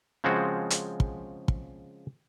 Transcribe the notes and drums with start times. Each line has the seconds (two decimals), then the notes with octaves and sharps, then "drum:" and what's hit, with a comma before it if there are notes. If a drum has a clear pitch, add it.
0.24 C#3 F3 G#3 C4 F#4
0.70 drum: hi-hat
1.00 drum: kick
1.48 drum: kick